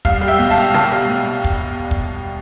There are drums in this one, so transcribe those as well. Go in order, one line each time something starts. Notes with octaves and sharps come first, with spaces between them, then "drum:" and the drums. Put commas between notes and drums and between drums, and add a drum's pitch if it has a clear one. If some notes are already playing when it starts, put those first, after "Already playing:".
C2 F5, drum: kick
G3
E5 G5
B2
F5 A5
C2
C2 F5 A5, drum: snare
G3
B2
drum: kick
drum: kick